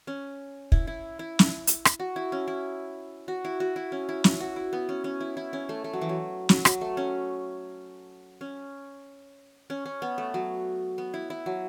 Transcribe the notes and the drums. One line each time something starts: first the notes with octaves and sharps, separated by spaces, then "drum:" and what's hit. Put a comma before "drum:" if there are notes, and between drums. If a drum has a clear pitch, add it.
C#4
E4, drum: kick
E4
E4
drum: snare
drum: hi-hat
drum: rim click
F#4
E4
C#4
E4
F#4
E4
F#4
E4
C#4
E4
E4, drum: snare
F#4
E4
B3
C#4
C#4
E4
E4
C#4
A3
A3
F#3
E3
F#3
F#3, drum: snare
F#3, drum: rim click
A3
C#4
C#4
C#4
C#4
B3
A3
F#3
B3
E4
E4
F#3